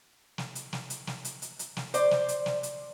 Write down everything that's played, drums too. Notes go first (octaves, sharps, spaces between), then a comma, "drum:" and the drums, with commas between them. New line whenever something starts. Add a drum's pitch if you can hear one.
drum: snare
drum: hi-hat
drum: snare
drum: hi-hat
drum: snare
drum: hi-hat
drum: hi-hat
drum: hi-hat
drum: snare
C5 D5, drum: hi-hat
drum: snare
drum: hi-hat
drum: snare
drum: hi-hat